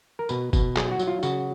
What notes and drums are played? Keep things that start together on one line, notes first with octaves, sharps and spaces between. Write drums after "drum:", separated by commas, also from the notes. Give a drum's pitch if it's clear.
A#4
B2 B4, drum: tambourine
B2, drum: kick, tambourine
F#3 G#4, drum: clap
F#4
F#3, drum: tambourine
F4
C#3 F#4, drum: tambourine